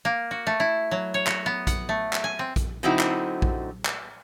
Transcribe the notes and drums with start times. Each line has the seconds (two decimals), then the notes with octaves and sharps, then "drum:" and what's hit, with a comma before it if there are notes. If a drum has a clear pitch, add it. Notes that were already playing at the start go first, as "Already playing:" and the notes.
0.05 A#3
0.31 F#4
0.47 A3
0.60 E4
0.91 F#3
1.14 C#5
1.27 F#4, drum: clap
1.46 B3
1.67 F#5, drum: kick A#1, hi-hat
1.89 A3
2.13 drum: clap
2.24 G#5
2.39 C4
2.56 drum: kick A#1, hi-hat
2.83 D3 F#3 C4 D#4 E4 F#4
2.99 drum: clap
3.42 drum: kick A#1
3.85 drum: clap